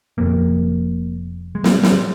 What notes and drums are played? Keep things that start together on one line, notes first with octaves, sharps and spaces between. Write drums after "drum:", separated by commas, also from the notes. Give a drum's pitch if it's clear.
F1 F2 C3 A#3
G#3
A#3, drum: snare
G#3
A#3, drum: snare
G#3